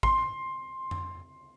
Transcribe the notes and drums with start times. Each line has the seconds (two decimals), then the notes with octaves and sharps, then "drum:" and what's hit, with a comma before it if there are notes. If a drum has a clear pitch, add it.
0.03 C6, drum: kick
0.91 drum: tom F2